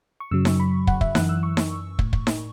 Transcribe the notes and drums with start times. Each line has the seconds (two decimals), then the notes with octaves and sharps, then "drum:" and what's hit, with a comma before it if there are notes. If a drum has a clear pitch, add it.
0.20 C#6
0.31 F#2 C#3 F#3 E6
0.45 C#6, drum: snare D#4
0.60 B5
0.87 F#5, drum: kick
1.01 E5, drum: kick
1.15 F#2 E3 F#6, drum: snare D#4
1.29 E6
1.43 C#6
1.57 drum: snare D#4
1.99 A2, drum: kick
2.13 drum: kick
2.27 drum: snare D#4